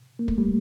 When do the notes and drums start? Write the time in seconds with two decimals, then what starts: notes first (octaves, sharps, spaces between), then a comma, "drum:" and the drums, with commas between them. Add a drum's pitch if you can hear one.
0.19 A#3
0.28 A3, drum: kick
0.38 G3